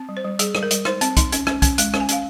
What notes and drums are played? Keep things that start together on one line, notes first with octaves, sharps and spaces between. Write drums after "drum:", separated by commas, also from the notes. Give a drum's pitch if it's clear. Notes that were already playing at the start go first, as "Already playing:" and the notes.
Already playing: C4
G3
C5
G3
G3 G#4, drum: hi-hat
G3, drum: rim click
A#4
G3, drum: hi-hat
D#4 C5, drum: rim click
C4, drum: hi-hat
D#4, drum: kick, hi-hat
C#4, drum: hi-hat
C#4, drum: rim click
C#4, drum: kick, hi-hat
G#3, drum: hi-hat
C#4, drum: rim click
G#5
C#4 F5, drum: hi-hat